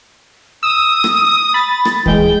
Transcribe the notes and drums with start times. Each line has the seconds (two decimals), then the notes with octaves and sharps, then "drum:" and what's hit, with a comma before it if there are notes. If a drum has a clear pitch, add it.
0.63 D#6 E6
1.04 drum: rim click
1.54 B5 A6
1.85 drum: rim click
2.06 E3 G#3 G5, drum: kick D2